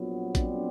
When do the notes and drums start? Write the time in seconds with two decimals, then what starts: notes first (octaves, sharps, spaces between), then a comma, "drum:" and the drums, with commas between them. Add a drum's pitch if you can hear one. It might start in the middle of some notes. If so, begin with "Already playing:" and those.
Already playing: A#1 A#2 F#3 B3
0.35 C4 D4, drum: kick A1, hi-hat